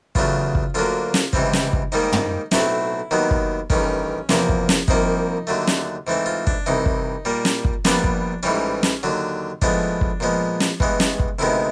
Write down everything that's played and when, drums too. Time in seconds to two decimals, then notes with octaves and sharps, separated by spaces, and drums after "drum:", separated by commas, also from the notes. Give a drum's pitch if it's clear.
0.15 E2 C#3 F#3 A3 F4, drum: kick
0.55 drum: kick
0.74 D2 D3 F#3 A#3 F4
1.14 drum: snare
1.33 C#2 C3 E3 G3 C4, drum: kick
1.53 drum: snare
1.73 drum: kick
1.92 G#2 D#3 G3 A#3 D#4
2.12 drum: tom
2.51 B1 A2 F#3 A3 C4 E4, drum: snare
3.11 D#2 D#3 F#3 B3
3.31 drum: kick
3.70 A1 G2 D#3 C#4, drum: kick
4.29 E2 C3 F3 A#3, drum: snare
4.49 drum: kick
4.69 drum: snare
4.88 C2 C3 F3 A#3 D#4, drum: kick
5.47 D#2 D3 F#3 A3
5.67 drum: snare
6.07 G#2 E3 A3 C4
6.26 F4
6.47 D4, drum: kick
6.66 C2 C3 E3 D#4
6.86 drum: kick
7.25 A#2 G3 A#3
7.45 drum: snare
7.65 drum: kick
7.85 A#1 A#2 G3 B3 D4, drum: snare
8.04 drum: kick
8.43 A1 G#2 E3 G3 C#4
8.83 drum: snare
9.03 D#2 D3 F#3
9.62 A2 F3 G#3 B3 D4, drum: kick
10.01 drum: kick
10.20 A#2 F3 G#3 B3
10.60 drum: snare
10.80 G2 E3 G#3 B3, drum: kick
11.00 drum: snare
11.19 drum: kick
11.39 D2 C3 D#3 G#3 B3 E4